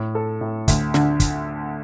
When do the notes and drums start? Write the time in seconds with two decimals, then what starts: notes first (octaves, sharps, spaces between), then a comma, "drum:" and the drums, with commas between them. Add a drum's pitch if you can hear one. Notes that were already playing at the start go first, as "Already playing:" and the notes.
Already playing: A2
0.15 A4
0.41 A2
0.68 D2, drum: kick, hi-hat
0.94 D3, drum: snare
1.20 drum: kick, hi-hat